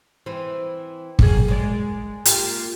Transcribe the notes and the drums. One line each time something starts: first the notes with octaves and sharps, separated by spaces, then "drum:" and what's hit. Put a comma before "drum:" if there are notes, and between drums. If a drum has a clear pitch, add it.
E3 C4
F#3 A#3 G#4, drum: kick
G#3 D5
A#3 F4 G4, drum: hi-hat